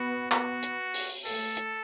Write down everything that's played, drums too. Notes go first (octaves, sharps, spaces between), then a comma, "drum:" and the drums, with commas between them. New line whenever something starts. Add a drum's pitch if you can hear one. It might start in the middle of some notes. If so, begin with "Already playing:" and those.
Already playing: B3 F#4
F#4, drum: clap
drum: hi-hat
drum: open hi-hat
A3 A4, drum: open hi-hat
drum: hi-hat